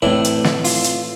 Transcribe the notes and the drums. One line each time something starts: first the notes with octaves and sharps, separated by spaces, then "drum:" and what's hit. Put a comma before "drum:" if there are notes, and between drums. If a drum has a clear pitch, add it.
A2 E3 A3 C4 D4 E4
drum: hi-hat
drum: snare
F4, drum: open hi-hat
drum: hi-hat